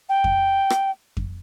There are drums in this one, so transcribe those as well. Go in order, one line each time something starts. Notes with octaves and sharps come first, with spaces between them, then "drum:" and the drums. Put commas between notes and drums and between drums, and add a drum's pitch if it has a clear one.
G5
drum: kick F2
drum: rim click
drum: kick F2